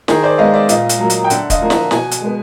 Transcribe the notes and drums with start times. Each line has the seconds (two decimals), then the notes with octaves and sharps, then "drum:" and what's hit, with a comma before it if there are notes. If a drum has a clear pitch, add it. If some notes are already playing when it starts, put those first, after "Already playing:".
0.08 D#3 G#4 A#4, drum: snare
0.23 C5 D5
0.38 G#3 B3 D#5 F5
0.54 D5 E5
0.69 A#2 D#5 F5, drum: hi-hat
0.89 drum: hi-hat
0.99 F#3 A#3
1.10 drum: hi-hat
1.24 G5
1.30 D3 E5 F#5, drum: hi-hat
1.50 D#5 F5, drum: kick, hi-hat
1.61 F3 A#3
1.70 E5 F#5, drum: snare
1.91 B2 F#5 G#5, drum: snare
2.11 drum: hi-hat
2.21 G#3 B3